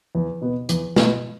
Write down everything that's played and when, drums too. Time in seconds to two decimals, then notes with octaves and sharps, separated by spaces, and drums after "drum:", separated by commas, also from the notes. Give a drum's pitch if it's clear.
0.15 E2
0.41 B2 B3
0.69 E2, drum: hi-hat
0.96 B2 B3, drum: snare